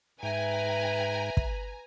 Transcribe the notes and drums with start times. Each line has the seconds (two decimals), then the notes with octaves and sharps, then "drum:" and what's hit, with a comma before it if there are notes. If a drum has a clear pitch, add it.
0.23 G#2 B4 E5 G5 G#5 A#5
1.37 drum: kick